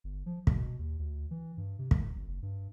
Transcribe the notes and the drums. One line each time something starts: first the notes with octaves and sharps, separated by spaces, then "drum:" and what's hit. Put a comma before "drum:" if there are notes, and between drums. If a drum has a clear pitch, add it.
G1
F3
B2, drum: kick
D#2
D2
E3
G2
C3
C#2, drum: kick
G#1
F#1
G2